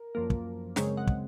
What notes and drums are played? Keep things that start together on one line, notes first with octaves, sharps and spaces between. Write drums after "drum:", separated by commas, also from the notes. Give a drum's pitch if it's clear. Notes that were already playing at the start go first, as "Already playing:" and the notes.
Already playing: A#4
F#2 F3 A#3
drum: kick
F#2 C#3 G#3 C4 A#4 C#5, drum: snare
D#5 F#5
drum: kick